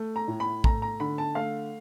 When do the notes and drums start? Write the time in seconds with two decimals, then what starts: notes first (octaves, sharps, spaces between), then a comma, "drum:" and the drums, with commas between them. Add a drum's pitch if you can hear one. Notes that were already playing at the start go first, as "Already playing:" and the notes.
Already playing: A3
0.16 A#5
0.28 A2
0.40 B5
0.64 A3 A#5, drum: kick
0.82 A#5
1.00 D3 B5
1.18 A5
1.35 A3 F5